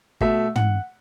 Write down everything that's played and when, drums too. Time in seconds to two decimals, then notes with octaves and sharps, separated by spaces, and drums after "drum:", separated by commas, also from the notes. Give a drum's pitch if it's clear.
0.21 B2 A3 E5, drum: kick
0.56 F#5, drum: tom